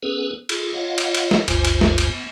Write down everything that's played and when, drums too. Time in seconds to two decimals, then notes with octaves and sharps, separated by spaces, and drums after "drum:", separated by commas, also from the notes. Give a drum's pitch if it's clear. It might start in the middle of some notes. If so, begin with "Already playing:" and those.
0.03 B3 C#4 G#4 A4 B4
0.49 F4 G#4 A4, drum: cymbal
0.73 F4 C#5 D#5 F5 F#5
0.98 drum: cymbal
1.14 drum: cymbal
1.31 drum: snare
1.48 G1 D2 G2 F4 C5 G#5, drum: cymbal
1.65 drum: cymbal
1.81 drum: snare
1.98 drum: cymbal
2.10 B3